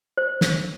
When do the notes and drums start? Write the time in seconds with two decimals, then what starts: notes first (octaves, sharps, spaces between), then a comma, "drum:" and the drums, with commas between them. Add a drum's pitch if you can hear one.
0.17 C5
0.41 drum: snare